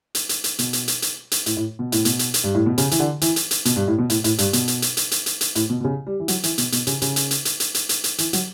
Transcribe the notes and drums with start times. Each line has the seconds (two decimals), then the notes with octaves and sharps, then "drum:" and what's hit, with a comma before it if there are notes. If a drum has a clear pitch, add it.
0.15 drum: hi-hat
0.29 drum: hi-hat
0.44 drum: hi-hat
0.59 B2, drum: hi-hat
0.73 drum: hi-hat
0.88 drum: hi-hat
1.02 drum: hi-hat
1.32 drum: hi-hat
1.46 A2, drum: hi-hat
1.57 A2
1.79 B2
1.92 A2, drum: hi-hat
2.05 B2, drum: hi-hat
2.19 drum: hi-hat
2.34 drum: hi-hat
2.44 G2
2.55 A2
2.66 B2
2.78 C#3, drum: hi-hat
2.91 E3, drum: hi-hat
3.00 D3
3.21 E3, drum: hi-hat
3.36 drum: hi-hat
3.51 drum: hi-hat
3.65 B2, drum: hi-hat
3.76 G2
3.88 A2
3.98 B2
4.10 A2, drum: hi-hat
4.24 A2, drum: hi-hat
4.38 G2, drum: hi-hat
4.53 B2, drum: hi-hat
4.68 drum: hi-hat
4.82 drum: hi-hat
4.97 drum: hi-hat
5.11 drum: hi-hat
5.26 drum: hi-hat
5.41 drum: hi-hat
5.55 A2, drum: hi-hat
5.70 B2
5.80 B2
5.84 C#3
6.06 G3
6.20 E3
6.28 F#3, drum: hi-hat
6.44 E3, drum: hi-hat
6.58 B2, drum: hi-hat
6.72 B2, drum: hi-hat
6.87 C#3, drum: hi-hat
7.02 C#3, drum: hi-hat
7.16 drum: hi-hat
7.31 drum: hi-hat
7.45 drum: hi-hat
7.60 drum: hi-hat
7.75 drum: hi-hat
7.89 drum: hi-hat
8.04 drum: hi-hat
8.18 E3, drum: hi-hat
8.33 F#3, drum: hi-hat